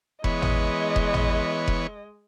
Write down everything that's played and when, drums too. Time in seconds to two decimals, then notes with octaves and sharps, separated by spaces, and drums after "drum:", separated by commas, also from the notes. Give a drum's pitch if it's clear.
0.24 E3 G#3 B3 C#5 D#5, drum: kick F1
0.42 drum: tom G#1
0.96 drum: kick F1
1.14 drum: tom G#1
1.68 drum: kick F1